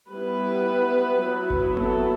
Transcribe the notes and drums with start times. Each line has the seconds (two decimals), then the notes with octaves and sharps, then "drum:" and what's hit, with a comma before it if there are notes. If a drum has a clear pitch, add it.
0.11 G3 B3 E4 B4
1.22 F#3 B3 E4
1.50 drum: kick G1
1.77 A4, drum: tom A#3